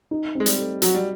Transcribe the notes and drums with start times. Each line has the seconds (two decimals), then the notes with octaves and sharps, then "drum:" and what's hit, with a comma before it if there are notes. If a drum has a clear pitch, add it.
0.11 D#4
0.35 G#3 C4
0.46 G3, drum: hi-hat
0.59 A3
0.82 F#3 F#4, drum: hi-hat
0.95 G3